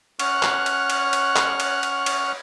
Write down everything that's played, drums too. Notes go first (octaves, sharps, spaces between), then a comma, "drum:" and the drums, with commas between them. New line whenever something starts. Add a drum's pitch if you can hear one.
C#4 F#5 C#6 F6 F#6, drum: cymbal
drum: clap
drum: cymbal
drum: cymbal
drum: cymbal
drum: clap
drum: cymbal
drum: cymbal
drum: cymbal